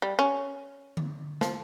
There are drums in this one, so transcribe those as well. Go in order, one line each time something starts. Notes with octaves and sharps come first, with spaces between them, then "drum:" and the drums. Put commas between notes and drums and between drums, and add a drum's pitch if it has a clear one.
G3
C#4
drum: tom D3
F3, drum: snare